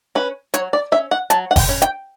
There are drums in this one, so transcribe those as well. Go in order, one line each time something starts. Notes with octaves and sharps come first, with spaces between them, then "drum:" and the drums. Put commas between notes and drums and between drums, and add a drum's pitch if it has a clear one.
C#4 B4
F#3 C#5, drum: hi-hat
D5
C#4 E5
F#5
F#3 A5, drum: hi-hat
F#5
G5, drum: kick F#1, open hi-hat
C#4
G5, drum: hi-hat